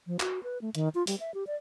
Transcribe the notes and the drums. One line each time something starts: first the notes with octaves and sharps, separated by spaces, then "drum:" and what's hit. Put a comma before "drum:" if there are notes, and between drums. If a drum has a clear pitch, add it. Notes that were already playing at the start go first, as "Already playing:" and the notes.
F3
F#4, drum: clap
B4
A3
D#3, drum: hi-hat
F4
G3, drum: open hi-hat
E5
G4
D5